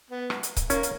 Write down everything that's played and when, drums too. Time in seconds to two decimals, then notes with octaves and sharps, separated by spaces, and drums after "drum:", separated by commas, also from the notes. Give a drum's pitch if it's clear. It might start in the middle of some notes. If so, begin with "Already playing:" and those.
0.10 B3
0.30 drum: rim click
0.43 drum: hi-hat
0.57 drum: kick C#1, hi-hat
0.70 A#3 C#4, drum: hi-hat
0.83 drum: hi-hat